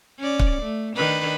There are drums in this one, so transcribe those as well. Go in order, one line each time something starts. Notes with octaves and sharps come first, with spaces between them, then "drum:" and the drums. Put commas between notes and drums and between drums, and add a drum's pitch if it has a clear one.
C#4 D5
drum: kick
A3
D#3 D4 B4